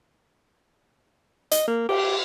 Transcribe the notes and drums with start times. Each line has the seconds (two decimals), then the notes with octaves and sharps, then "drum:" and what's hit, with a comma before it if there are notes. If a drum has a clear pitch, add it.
1.51 D#5, drum: hi-hat
1.67 A#3
1.89 G4, drum: cymbal